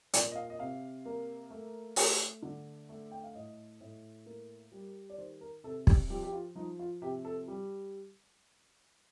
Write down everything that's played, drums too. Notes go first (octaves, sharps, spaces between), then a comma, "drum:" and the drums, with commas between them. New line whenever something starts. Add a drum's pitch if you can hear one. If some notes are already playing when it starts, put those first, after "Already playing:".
A#2 D5, drum: hi-hat
D#5
F5
D#5
C3 F5
A#3
A3
A3, drum: open hi-hat
D3
A3
G5
F5
A2 D#5
A2
A#3
G3
D5
D#3 C5
A#4
C3 A4
G4, drum: kick
F3 G4
G4
F4
F3 D#4
F4
C3 G4
A4
G3